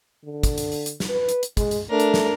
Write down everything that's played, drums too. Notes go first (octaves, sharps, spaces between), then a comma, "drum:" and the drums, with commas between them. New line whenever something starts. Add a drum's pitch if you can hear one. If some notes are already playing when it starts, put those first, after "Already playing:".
D3
drum: kick, hi-hat
drum: hi-hat
drum: open hi-hat
drum: hi-hat
drum: snare
B4
drum: hi-hat
drum: hi-hat
G#3, drum: kick, hi-hat
drum: hi-hat
A3 D4 A#4
drum: hi-hat
drum: snare